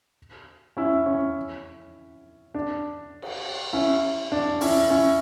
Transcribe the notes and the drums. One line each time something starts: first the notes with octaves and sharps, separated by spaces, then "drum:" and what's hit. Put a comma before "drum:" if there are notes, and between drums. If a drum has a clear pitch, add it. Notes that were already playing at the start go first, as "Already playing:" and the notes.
C#4 E4
C#4
D4
drum: cymbal
C#4 E4
D4
C#4 E4, drum: open hi-hat
C#4 E4